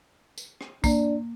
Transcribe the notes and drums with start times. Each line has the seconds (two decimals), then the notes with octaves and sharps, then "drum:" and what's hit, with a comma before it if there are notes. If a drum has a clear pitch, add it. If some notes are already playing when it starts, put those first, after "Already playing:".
0.38 drum: tambourine
0.61 drum: rim click
0.84 A#3 D4, drum: kick, tambourine